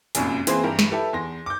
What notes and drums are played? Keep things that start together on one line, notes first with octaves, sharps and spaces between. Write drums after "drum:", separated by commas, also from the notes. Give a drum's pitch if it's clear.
F1 F#2 A#2, drum: hi-hat
E3 A#3 C4 G#4 B4 C5, drum: hi-hat
G2 E3 G4 A#4
drum: snare
E4 G4 A4 B4
E2 C6 A#6
D6 G6